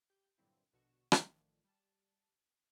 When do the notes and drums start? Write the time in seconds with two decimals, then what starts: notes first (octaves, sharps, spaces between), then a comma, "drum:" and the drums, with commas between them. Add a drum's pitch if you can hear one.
0.10 G4 G6
0.38 G2 A#2 D3 F#3 C4 E4
0.73 A#1 B2 D3 F#4 C#6 E7
1.12 drum: rim click
1.23 A1 D#3 F3 A3 D4
1.64 G3 A5